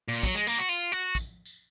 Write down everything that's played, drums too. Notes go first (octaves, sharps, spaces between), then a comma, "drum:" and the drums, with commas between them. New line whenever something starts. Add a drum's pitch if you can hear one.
A#2
F#3, drum: kick, tambourine
G#3
A#3
F#4
F4, drum: tambourine
F#4
drum: kick, tambourine
drum: tambourine